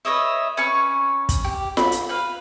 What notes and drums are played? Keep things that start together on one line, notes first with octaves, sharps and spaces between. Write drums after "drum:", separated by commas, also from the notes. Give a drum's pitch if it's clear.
B4 C#5 D#5 E5
C#4 B4 G#5 C#6
drum: kick, hi-hat
G4
B5, drum: snare F4
drum: hi-hat
B4 F5